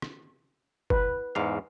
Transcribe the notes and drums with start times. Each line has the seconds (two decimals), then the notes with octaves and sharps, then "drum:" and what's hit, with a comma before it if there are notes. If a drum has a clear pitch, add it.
0.02 drum: rim click
0.90 B4, drum: kick G1
1.35 E2 G#2 F5